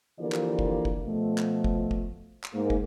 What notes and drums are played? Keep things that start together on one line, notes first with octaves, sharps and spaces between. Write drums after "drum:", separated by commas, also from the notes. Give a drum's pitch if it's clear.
D3 E3 F3 A#3 G4 D5
drum: clap
drum: kick
drum: kick
B2 F3 A3
drum: clap
drum: kick
drum: kick
drum: clap
G#2 A#3
drum: kick